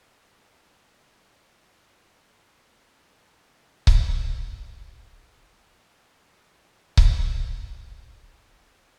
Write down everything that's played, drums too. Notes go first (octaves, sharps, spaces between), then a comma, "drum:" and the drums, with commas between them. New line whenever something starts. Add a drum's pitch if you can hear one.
C#2
C#4
D4
A#6
G#4
G2
D#3
C3
C6 D#6 F6 F#6 D7
drum: kick C#1
F#3 D5 E5
C4
A#2 B3
F5 A5 A#5
C#3 G#4 D#5
drum: kick C#1
F#4 G#4